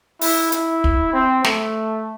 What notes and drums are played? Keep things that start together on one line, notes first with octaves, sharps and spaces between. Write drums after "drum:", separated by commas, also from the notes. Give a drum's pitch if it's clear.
E4, drum: open hi-hat
E4, drum: hi-hat
drum: kick
C4
A3, drum: snare